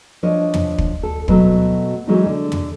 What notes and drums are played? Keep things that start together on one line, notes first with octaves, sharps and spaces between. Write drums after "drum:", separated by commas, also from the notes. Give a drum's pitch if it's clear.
F3 D4 C#5 D#5
drum: tom
drum: kick
A4
B2 F#3 A3, drum: kick
E3 F#3 G#3 A3 C#4 D#4
D3
drum: tom